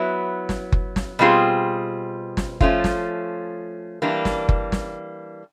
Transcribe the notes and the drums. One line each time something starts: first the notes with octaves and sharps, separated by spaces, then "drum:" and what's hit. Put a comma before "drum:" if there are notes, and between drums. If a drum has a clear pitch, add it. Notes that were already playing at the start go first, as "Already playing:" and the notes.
Already playing: F#3 B3 E4
drum: snare
drum: kick F#1
drum: snare
B2 G3 C4 F4 G#4
drum: snare
F3 A3 C#4 F4, drum: kick F#1
drum: snare
E3 G3 A#3 D4
drum: snare
drum: kick F#1
drum: snare